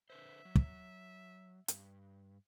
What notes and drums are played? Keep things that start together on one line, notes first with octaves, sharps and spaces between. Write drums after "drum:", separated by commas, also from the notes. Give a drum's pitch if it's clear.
D3 B4 C5 E5
F#3
drum: kick
G2, drum: hi-hat